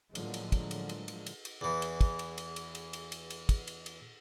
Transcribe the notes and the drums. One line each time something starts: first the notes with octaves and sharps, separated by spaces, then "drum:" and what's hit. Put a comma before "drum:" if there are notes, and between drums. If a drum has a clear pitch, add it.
A2 D3 F3 F#3 G#3 A#3, drum: cymbal
drum: cymbal
drum: kick, cymbal
drum: cymbal
drum: cymbal
drum: cymbal
drum: cymbal
drum: cymbal
E2 E3
drum: cymbal
drum: kick, cymbal
drum: cymbal
drum: cymbal
drum: cymbal
drum: cymbal
drum: cymbal
drum: cymbal
drum: cymbal
drum: kick, cymbal
drum: cymbal
drum: cymbal